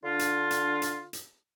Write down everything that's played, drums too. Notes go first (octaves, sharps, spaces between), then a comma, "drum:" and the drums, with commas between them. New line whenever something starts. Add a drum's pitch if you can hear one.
D3 D4 F4
drum: hi-hat
drum: hi-hat
drum: hi-hat
drum: hi-hat